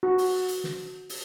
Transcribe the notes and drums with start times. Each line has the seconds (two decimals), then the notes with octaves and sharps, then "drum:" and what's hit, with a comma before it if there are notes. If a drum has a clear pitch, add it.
0.03 F#4
0.18 drum: open hi-hat
0.49 drum: hi-hat
0.64 drum: snare
1.09 drum: open hi-hat